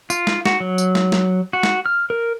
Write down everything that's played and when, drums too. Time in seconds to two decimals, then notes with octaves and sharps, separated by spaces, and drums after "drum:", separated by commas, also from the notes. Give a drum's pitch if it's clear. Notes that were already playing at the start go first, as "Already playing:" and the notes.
0.10 F4, drum: tambourine
0.27 drum: snare
0.46 F#4, drum: snare
0.60 F#3
0.78 drum: tambourine
0.95 drum: snare
1.12 drum: snare
1.53 F#4
1.63 drum: snare
1.86 F6
2.10 A#4